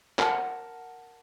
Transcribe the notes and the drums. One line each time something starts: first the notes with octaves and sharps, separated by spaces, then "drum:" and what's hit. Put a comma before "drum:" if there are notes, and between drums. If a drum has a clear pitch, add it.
A#4 F#5 A5, drum: clap